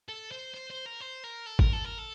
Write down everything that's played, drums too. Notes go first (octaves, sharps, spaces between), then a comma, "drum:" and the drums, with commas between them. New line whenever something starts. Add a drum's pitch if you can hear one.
A4
C5
C5
C5
A#4
C5
A#4
A4
A#4, drum: kick
A4
A#4
A4